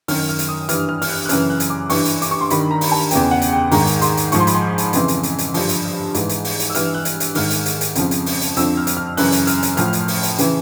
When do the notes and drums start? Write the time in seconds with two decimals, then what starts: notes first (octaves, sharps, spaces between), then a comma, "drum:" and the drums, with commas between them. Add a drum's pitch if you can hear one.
0.08 F#2 D#3 F6, drum: open hi-hat
0.29 F6
0.39 drum: hi-hat
0.48 D#6
0.69 G2 E3 F6, drum: hi-hat
0.89 F6
1.02 F6, drum: open hi-hat
1.09 F#6
1.25 F#6
1.29 F#2 C#3 E3 F6, drum: hi-hat
1.50 F#6
1.60 drum: hi-hat
1.70 D6
1.90 G2 E3 C#6, drum: open hi-hat
2.05 drum: hi-hat
2.22 D6, drum: hi-hat
2.31 C#6
2.41 C6
2.50 G2 D#3 B5, drum: hi-hat
2.71 A#5
2.81 drum: open hi-hat
2.92 A5
3.11 E2 C#3 E3 G5, drum: hi-hat
3.31 F#5
3.42 drum: hi-hat
3.52 G5
3.71 G#2 D#3 A#5, drum: open hi-hat
3.87 drum: hi-hat
4.02 C6, drum: hi-hat
4.17 drum: hi-hat
4.32 G#2 F3 C#6, drum: hi-hat
4.40 C6
4.47 B5, drum: hi-hat
4.55 C6
4.78 drum: hi-hat
4.93 F2 C#3 E3, drum: hi-hat
5.08 drum: hi-hat
5.23 drum: hi-hat
5.39 drum: hi-hat
5.54 G2 D3 F3, drum: open hi-hat
5.69 drum: hi-hat
6.15 G#2 E3, drum: hi-hat
6.29 drum: hi-hat
6.45 drum: open hi-hat
6.60 drum: hi-hat
6.70 E6
6.75 G2 E3 F6, drum: hi-hat
6.94 F#6
7.05 drum: hi-hat
7.20 drum: hi-hat
7.35 G#2 D#3 F6, drum: open hi-hat
7.51 drum: hi-hat
7.66 drum: hi-hat
7.81 drum: hi-hat
7.95 F2 C#3 F3, drum: hi-hat
8.11 drum: hi-hat
8.26 drum: open hi-hat
8.41 drum: hi-hat
8.56 F2 D3 F3 E6, drum: hi-hat
8.77 F6
8.87 drum: hi-hat
8.97 F6
9.17 F#2 C#3 E3 F#6, drum: open hi-hat
9.32 drum: hi-hat
9.47 F6, drum: hi-hat
9.63 drum: hi-hat
9.77 A2 F3 F6, drum: hi-hat
9.93 drum: hi-hat
10.08 drum: open hi-hat
10.23 drum: hi-hat
10.38 C#3 E3, drum: hi-hat